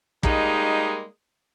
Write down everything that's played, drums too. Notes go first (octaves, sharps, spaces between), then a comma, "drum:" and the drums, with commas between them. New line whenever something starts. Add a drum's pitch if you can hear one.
G3 G#3 A#3 D#4, drum: kick